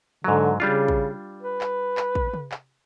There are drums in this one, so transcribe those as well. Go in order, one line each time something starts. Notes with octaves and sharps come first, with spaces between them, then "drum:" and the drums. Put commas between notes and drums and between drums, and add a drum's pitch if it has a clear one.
G#2 D3 F#3
C#3 G3 D4 F4
drum: kick
B4
drum: clap
drum: clap
drum: kick
drum: tom
drum: clap